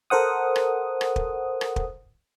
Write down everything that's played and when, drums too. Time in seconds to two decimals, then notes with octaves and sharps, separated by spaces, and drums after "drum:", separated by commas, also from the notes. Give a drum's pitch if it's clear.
0.10 A4 A#4 C5 F#5 D#6
0.56 drum: rim click
1.01 drum: rim click
1.16 drum: kick
1.61 drum: rim click
1.76 drum: kick